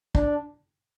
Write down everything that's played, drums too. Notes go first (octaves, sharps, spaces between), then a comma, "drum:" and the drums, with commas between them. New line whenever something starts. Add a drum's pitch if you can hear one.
D4, drum: kick